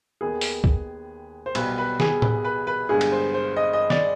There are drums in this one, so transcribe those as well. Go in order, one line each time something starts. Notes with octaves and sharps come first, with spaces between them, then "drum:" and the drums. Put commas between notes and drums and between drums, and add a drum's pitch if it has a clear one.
D#2 D#3 B3 G#4
drum: open hi-hat
drum: kick C2
C5
B1 B2 G3 B4, drum: cymbal
B4
G#4, drum: snare
B4, drum: tom A2
B4
B4
G2 D3 G#3 B3 G#4
drum: cymbal
C5
C5
D#5
D#5
D5, drum: snare